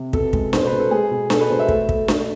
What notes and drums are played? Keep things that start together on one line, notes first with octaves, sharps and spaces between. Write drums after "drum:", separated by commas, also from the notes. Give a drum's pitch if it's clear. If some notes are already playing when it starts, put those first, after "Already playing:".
Already playing: C3
B2 A4, drum: kick
G#3, drum: kick
B2 C5, drum: snare D4
B4
B2
A4
G#3 G#4
B2
B2 A4, drum: snare D4
B4
B2 C5
E5
A3, drum: kick
A3, drum: kick
A3, drum: snare D4